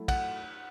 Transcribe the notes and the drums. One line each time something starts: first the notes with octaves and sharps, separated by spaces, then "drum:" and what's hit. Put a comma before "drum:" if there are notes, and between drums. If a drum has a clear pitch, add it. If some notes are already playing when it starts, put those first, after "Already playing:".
Already playing: F#3 A3 E4
F#5, drum: kick, cymbal